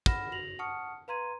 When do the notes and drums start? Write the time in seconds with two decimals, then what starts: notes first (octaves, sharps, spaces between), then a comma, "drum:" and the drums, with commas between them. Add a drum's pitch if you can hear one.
0.06 F#5 B5 F6 A#6 E7, drum: kick
0.32 F#4 A#6 F7 F#7
0.59 F#5 A5 C#6 D#6 F6 C#7
1.08 B4 F5 A#5 C6 G#6 D#7